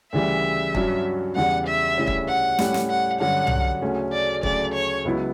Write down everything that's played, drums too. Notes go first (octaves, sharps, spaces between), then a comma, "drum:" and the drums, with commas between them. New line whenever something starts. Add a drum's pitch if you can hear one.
D2 C#3 E3 G3 E5
G2 F#3 C#4 F#4, drum: kick
E2 C#3 E3 G3 F#5
E5
D2 C#3 G3 C#4 E4
drum: kick
F#5
A2 G3 C#4 G4, drum: snare
drum: snare
F#5
G2 D3 F#3 C#4 F#4 F#5
drum: tom C2
D2 C#3 F#3 A3 C#4
D5
D2 C#3 F#3 A3 D5, drum: kick
C#5
C#2 C#3 F#3 B3 E4